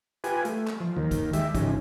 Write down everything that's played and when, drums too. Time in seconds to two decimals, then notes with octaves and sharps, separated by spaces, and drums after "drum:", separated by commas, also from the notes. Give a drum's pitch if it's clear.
0.24 F4 G4 B4 G#5, drum: hi-hat
0.45 A3, drum: hi-hat
0.67 drum: clap
0.80 F3
0.97 D#2 D#3
1.11 drum: kick, hi-hat
1.33 G#3 G4 E5, drum: hi-hat
1.55 G#2 C#3 F3 C#4 D#4, drum: kick, hi-hat